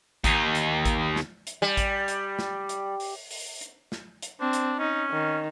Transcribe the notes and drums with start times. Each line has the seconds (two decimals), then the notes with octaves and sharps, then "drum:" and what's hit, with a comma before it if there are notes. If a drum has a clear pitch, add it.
0.24 D#2 D#4, drum: kick A1, hi-hat
0.55 drum: hi-hat
0.85 drum: kick A1, hi-hat
1.16 drum: snare
1.47 drum: hi-hat
1.62 G3
1.77 drum: kick A1, hi-hat
2.08 drum: hi-hat
2.39 drum: snare
2.69 drum: hi-hat
3.00 drum: open hi-hat
3.31 drum: open hi-hat
3.61 drum: hi-hat
3.92 drum: snare
4.22 drum: hi-hat
4.41 C4 D4
4.53 drum: hi-hat
4.79 C#4 D#4
5.11 D#3